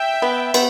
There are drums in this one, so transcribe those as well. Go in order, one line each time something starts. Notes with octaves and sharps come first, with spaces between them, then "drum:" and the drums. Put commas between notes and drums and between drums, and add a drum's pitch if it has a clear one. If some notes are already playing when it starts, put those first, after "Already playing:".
Already playing: E5 G5
B3
B3, drum: cymbal